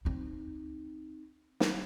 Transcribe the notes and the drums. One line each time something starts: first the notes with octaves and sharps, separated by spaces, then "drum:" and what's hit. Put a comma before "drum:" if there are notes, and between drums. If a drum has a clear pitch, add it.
C4 D#4
drum: snare